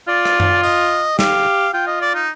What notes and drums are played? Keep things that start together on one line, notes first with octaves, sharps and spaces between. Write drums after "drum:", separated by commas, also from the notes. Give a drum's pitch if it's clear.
F4 D5
drum: rim click
drum: tom F#2
D#5, drum: open hi-hat
G4 F5, drum: snare
F4 G5
D#5
D5
D#4